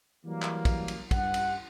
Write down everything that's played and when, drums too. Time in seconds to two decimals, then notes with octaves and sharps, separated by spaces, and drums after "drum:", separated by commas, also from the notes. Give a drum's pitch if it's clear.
0.25 E3 F#3 G3 A#3
0.42 drum: clap
0.65 drum: kick, cymbal
0.88 drum: cymbal
1.11 G2 F#5, drum: kick, cymbal
1.34 drum: cymbal